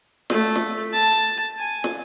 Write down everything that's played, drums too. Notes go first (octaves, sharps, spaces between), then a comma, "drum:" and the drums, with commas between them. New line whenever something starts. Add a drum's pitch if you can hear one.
A3, drum: snare
drum: snare
A5
G#5
drum: snare